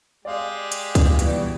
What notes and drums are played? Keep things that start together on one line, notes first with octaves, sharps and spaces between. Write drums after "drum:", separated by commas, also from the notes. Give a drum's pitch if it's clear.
G#3 G4 D5 F5
drum: hi-hat
drum: kick C2, hi-hat
B2 E3 G3, drum: hi-hat